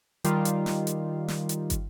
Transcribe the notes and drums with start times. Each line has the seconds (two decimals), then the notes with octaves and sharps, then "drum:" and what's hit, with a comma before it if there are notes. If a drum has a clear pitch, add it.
0.24 D#3 G3 F4, drum: hi-hat
0.45 drum: hi-hat
0.66 drum: snare
0.87 drum: hi-hat
1.28 drum: snare
1.49 drum: hi-hat
1.70 drum: kick, hi-hat